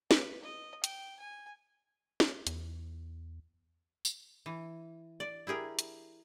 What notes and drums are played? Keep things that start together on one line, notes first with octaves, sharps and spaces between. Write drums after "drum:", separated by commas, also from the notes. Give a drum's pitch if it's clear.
B4, drum: snare
D#5
G5, drum: hi-hat
G#5
drum: snare
E2, drum: hi-hat
drum: tambourine
E3
D5
E4 G4 G#4 A#4
drum: hi-hat